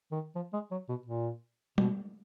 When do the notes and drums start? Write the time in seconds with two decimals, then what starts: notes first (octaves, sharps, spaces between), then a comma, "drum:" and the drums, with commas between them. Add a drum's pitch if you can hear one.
0.12 D#3
0.35 F3
0.53 G#3
0.71 F#3
0.89 B2
1.06 A#2
1.78 B2, drum: tom G3